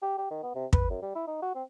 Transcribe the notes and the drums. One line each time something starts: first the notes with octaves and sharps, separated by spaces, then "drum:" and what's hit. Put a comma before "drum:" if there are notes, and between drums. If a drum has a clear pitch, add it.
G4
G4
D#3
B3
C3
B4, drum: kick
F#2
G3
E4
D#4
F#4
C4